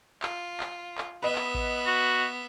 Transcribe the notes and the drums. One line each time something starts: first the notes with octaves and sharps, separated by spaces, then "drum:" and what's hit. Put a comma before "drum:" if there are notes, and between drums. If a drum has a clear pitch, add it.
F4, drum: clap
drum: clap
drum: clap
B3 B4 D#5 E5
drum: clap
drum: kick A1
F#4